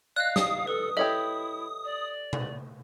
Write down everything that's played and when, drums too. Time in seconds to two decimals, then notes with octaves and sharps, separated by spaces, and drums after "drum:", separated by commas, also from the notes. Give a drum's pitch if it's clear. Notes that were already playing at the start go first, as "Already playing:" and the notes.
0.16 D5 D#5 F5 F#6
0.36 D#6, drum: snare
0.67 A4 B4
0.97 E4 G4 A4 C#5 D#5 E5
1.85 D5
2.33 drum: tom B2